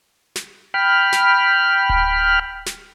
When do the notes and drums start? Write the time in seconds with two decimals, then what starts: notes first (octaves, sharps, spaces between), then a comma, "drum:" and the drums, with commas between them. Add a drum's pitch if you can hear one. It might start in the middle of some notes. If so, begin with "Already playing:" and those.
0.36 drum: snare
0.74 G5 B5 F6
1.12 drum: snare
1.89 drum: kick D1
2.66 drum: snare